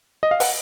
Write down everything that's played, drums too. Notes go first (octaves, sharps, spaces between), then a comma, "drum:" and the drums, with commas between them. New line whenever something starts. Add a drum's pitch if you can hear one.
D#5
F5
F#5, drum: open hi-hat